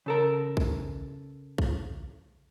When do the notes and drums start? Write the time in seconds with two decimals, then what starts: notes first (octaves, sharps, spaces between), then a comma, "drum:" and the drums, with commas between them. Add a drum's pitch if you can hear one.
0.06 C#3 A4 A#4
0.57 drum: kick A#1
1.58 drum: kick A#1